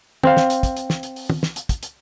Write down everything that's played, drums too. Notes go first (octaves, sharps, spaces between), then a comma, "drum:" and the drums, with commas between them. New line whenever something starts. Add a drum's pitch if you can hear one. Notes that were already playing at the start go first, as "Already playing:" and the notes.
C4 C5 F5, drum: tom
drum: snare
drum: hi-hat
drum: kick, hi-hat
drum: hi-hat
drum: snare
drum: hi-hat
drum: open hi-hat
drum: tom
drum: snare
drum: hi-hat
drum: kick, hi-hat
drum: hi-hat